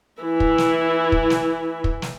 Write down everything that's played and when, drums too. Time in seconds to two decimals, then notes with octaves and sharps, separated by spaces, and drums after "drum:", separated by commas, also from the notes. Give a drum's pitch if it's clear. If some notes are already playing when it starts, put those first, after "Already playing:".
0.22 E3 E4
0.40 drum: kick
0.58 drum: snare
1.12 drum: kick
1.30 drum: snare
1.84 drum: kick
2.02 drum: snare